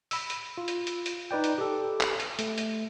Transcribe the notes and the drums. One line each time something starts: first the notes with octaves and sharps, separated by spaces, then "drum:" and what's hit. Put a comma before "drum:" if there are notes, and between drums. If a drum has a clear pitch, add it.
B5 E6, drum: open hi-hat
drum: hi-hat
F4
drum: hi-hat
drum: hi-hat
drum: hi-hat
D#4 B4 D5 G5
drum: hi-hat
G4 A4
drum: clap
drum: hi-hat
A3, drum: hi-hat
drum: hi-hat